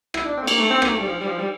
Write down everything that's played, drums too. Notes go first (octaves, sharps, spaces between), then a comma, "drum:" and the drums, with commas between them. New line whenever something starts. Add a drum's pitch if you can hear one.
E4, drum: rim click
D4
C4
A3
A#3, drum: cymbal
A3
C4
A#3, drum: rim click
A3
G3
F3
G3
F3
G3